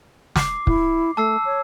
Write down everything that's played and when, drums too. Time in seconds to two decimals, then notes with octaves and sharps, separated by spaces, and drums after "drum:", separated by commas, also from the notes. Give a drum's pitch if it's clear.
0.36 D6 C7, drum: snare
0.67 E4, drum: kick
1.17 A3 A5 E6 C7
1.45 C#5